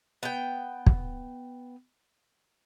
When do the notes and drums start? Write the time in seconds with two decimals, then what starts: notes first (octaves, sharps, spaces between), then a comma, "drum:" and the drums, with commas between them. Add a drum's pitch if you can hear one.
0.23 B3 G5
0.86 drum: kick